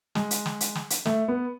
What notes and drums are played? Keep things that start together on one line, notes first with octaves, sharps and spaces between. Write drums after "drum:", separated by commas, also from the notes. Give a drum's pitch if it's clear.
G#3, drum: snare
drum: hi-hat
drum: snare
drum: hi-hat
drum: snare
drum: hi-hat
A3, drum: snare
B3